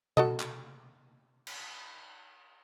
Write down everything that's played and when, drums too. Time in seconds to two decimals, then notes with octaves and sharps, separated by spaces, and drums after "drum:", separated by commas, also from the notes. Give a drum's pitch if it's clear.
0.17 F#4 A4 D#5, drum: tom B2
0.40 drum: clap
1.47 drum: cymbal